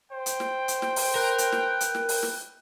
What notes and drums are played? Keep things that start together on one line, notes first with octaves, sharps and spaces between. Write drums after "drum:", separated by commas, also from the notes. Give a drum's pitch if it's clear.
C5 G5
drum: hi-hat
drum: snare
drum: hi-hat
drum: snare
drum: open hi-hat
A#4 B4
drum: hi-hat
drum: snare
drum: hi-hat
drum: snare
drum: open hi-hat
drum: snare